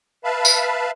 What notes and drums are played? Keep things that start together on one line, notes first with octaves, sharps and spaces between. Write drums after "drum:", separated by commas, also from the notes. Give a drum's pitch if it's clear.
B4 E5 F5 A5 B5
drum: tambourine